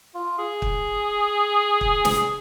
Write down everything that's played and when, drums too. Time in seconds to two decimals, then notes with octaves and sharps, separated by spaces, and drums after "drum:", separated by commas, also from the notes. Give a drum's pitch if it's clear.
0.15 F4
0.38 G#4
0.62 drum: kick
1.81 drum: kick
2.05 drum: snare
2.17 G#4